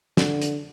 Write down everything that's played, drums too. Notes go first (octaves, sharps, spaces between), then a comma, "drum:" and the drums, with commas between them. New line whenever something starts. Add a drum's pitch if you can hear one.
D3, drum: snare
drum: hi-hat